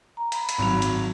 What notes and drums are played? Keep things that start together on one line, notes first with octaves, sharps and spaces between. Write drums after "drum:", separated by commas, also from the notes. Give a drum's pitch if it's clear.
A#5
F5 B5, drum: hi-hat
drum: hi-hat
G#1 F#3 F7
drum: hi-hat